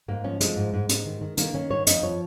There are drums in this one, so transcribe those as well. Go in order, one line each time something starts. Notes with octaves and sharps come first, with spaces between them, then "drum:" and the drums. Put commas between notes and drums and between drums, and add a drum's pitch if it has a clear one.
G#2 A#3
F3 C#4
F3 G#3, drum: hi-hat
G#2
G#2
G#2, drum: hi-hat
D#3
D#3
D#3 A#3, drum: hi-hat
D#3 C#4
G#2 C#5
F2 D#5, drum: hi-hat
F3 C#5